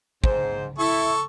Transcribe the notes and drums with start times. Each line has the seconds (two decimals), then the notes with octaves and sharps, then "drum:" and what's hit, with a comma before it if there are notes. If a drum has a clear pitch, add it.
0.24 G#2 C5, drum: kick
0.79 E4 A4 C#6